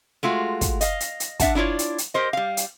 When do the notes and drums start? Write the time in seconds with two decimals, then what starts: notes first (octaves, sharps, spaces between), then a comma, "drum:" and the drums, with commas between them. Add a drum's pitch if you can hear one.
0.23 G#3 A3 F4 F#4
0.61 drum: kick, hi-hat
0.81 D#5 F5, drum: hi-hat
1.00 drum: hi-hat
1.20 drum: hi-hat
1.40 D4 E5 F#5 A5, drum: kick, hi-hat
1.55 D4 E4 F4 C#5 D5
1.79 drum: hi-hat
1.98 drum: hi-hat
2.14 G4 A#4 C5 D#5
2.33 G3 F5
2.57 drum: hi-hat